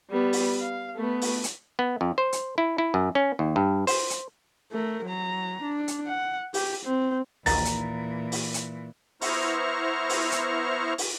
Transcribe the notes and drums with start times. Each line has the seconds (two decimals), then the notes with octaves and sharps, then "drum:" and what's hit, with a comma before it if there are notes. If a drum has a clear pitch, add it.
0.11 G3 B3
0.33 drum: open hi-hat
0.61 F5
0.96 A3 B3
1.22 drum: open hi-hat
1.44 drum: hi-hat
1.79 B3
2.01 F2
2.18 C5
2.33 drum: hi-hat
2.58 E4
2.78 E4
2.94 F#2
3.15 C#4
3.39 D#2
3.56 G2
3.87 C5, drum: open hi-hat
4.10 drum: hi-hat
4.72 A3 A#4
5.05 F#3 A#5
5.62 D4
5.88 drum: hi-hat
6.07 F#5
6.54 G4, drum: open hi-hat
6.85 C4
7.46 A#1 D#2 A#2 D#3 E3 A#5 A6, drum: open hi-hat
7.65 drum: hi-hat
8.32 drum: open hi-hat
8.54 drum: hi-hat
9.21 B3 E4 C5 A#5 C#6 F6, drum: open hi-hat
10.09 drum: open hi-hat
10.32 drum: hi-hat
10.98 drum: open hi-hat